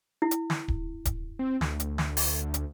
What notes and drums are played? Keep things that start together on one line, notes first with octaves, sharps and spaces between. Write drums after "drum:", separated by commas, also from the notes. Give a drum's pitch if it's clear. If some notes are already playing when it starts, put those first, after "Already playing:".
E4
drum: hi-hat
drum: snare
drum: kick D1
drum: kick D1, hi-hat
C4
D2, drum: snare
drum: hi-hat
drum: snare
drum: open hi-hat
drum: hi-hat